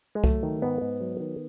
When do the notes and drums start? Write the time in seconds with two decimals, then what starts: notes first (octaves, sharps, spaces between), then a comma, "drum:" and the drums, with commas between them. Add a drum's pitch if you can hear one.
0.15 G#3
0.24 F#3 A3, drum: kick C2
0.43 D#3
0.62 G#2 B3
0.81 G#2
1.01 F#3
1.20 D#3